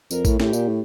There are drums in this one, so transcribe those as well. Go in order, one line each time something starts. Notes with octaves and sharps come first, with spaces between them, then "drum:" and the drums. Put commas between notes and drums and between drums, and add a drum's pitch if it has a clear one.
F2 A#4, drum: tambourine
A2, drum: kick A#1, tambourine
A2 G4, drum: snare
A#2, drum: tambourine
A2